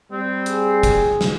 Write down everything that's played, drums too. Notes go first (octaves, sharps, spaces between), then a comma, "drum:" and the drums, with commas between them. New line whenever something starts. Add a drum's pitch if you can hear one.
G3 C4
G#4, drum: hi-hat
drum: kick, hi-hat
drum: snare